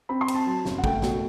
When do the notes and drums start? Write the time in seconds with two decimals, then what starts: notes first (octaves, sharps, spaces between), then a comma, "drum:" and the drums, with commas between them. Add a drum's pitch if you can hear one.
0.09 C4 B5
0.21 C6
0.28 C4, drum: cymbal
0.34 A5
0.46 F#3 A5
0.65 F#1, drum: snare
0.78 F#5
0.84 A3 G5, drum: kick
1.02 B2, drum: snare